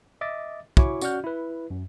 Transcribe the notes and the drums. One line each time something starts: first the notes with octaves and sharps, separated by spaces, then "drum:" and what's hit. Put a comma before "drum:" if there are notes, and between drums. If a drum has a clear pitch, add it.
D#5 E5 D6 A6
E4 F#4 C#5 G#5 C#6 D6, drum: kick
C#4 F#4 D5 F#5 F6 G6, drum: tambourine
E4 B4
F#2